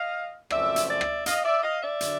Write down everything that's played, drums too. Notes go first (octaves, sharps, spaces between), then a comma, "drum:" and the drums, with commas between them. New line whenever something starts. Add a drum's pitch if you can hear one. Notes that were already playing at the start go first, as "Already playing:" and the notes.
Already playing: D#5 F5
F#2 C#3 F3 A3 C4 D5 E5, drum: rim click
drum: hi-hat
D5 E5
drum: rim click
D#5 F5, drum: hi-hat
D5 E5
D#5 F5
D5 E5
D3 F#3, drum: hi-hat